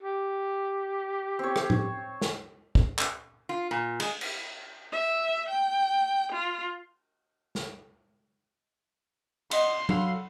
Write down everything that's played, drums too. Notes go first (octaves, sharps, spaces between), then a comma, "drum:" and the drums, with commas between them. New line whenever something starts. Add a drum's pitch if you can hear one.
G4
C4 C#5
drum: rim click
drum: tom A2
drum: snare
drum: kick
drum: clap
F4
A#2
G#3, drum: cymbal
drum: cymbal
E5
G5
F4
drum: snare
D#5 F#5 C6 D#6, drum: cymbal
F#3 A4 F5 F#5 B5, drum: tom F#3